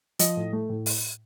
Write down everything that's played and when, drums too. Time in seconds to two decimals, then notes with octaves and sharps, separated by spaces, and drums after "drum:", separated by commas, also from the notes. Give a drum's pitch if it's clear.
0.19 F3 D#5, drum: hi-hat
0.37 A2
0.53 A3
0.70 A2
0.86 drum: open hi-hat